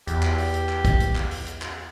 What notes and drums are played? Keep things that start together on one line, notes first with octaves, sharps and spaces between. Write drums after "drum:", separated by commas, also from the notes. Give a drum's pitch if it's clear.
E2 G4, drum: hi-hat
drum: clap
drum: open hi-hat
drum: hi-hat
drum: clap
drum: kick, hi-hat
drum: hi-hat
drum: clap
drum: open hi-hat
drum: hi-hat
drum: clap